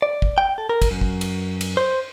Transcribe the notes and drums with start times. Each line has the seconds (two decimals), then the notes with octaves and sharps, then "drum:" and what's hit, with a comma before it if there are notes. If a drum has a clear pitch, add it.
0.02 D5
0.22 drum: kick
0.38 G5
0.58 A4
0.69 A#4
0.82 drum: kick, cymbal
0.91 F#2
1.01 drum: kick
1.21 drum: cymbal
1.61 drum: cymbal
1.77 C5